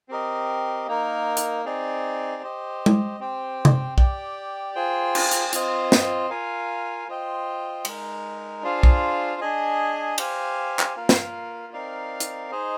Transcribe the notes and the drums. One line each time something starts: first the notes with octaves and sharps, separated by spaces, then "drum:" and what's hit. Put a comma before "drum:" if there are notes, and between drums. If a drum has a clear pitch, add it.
C4 G4 A#4 D#5
A#3 D#4 A#4
drum: hi-hat
C4 D#4 G#4 D5
G4 C5 D#5
drum: tom G#3
C4 G4 C5 G5
drum: tom C3
G4 D5 G5, drum: kick
F4 G#4 C5 G5
drum: cymbal
drum: hi-hat
C4 F4 C5 D#5, drum: hi-hat
drum: snare
F4 A#4 F5 G#5
F4 C5 D#5 G5
G#3 D#4 A#4, drum: cymbal
D4 F4 G#4 C5 F5
drum: kick
D4 G#4 D#5 G#5
G4 C5 F5 G#5, drum: cymbal
drum: clap
A#3 F4 A#4 F5
drum: snare
C4 D#4 A#4 D5 F5
drum: hi-hat
D#4 G#4 C5 D#5